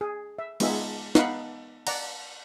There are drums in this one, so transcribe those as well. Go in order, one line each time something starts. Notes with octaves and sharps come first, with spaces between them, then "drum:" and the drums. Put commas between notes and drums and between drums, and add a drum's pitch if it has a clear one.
G#4
E5
G#3 B3 D#4 F4 G#4 E5, drum: cymbal
B3 D#4 F5 F#5 B5, drum: snare
D5 F#5 A#5, drum: cymbal